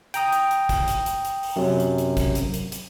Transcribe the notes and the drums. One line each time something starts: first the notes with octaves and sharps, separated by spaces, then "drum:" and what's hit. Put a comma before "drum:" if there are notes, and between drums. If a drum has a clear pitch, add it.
G5 A#5 D#6, drum: hi-hat
drum: hi-hat
drum: hi-hat
drum: kick, hi-hat
drum: hi-hat
drum: hi-hat
drum: hi-hat
drum: open hi-hat
F#2 C3 F#3
drum: hi-hat
drum: hi-hat
drum: kick, hi-hat
drum: hi-hat
drum: hi-hat
drum: hi-hat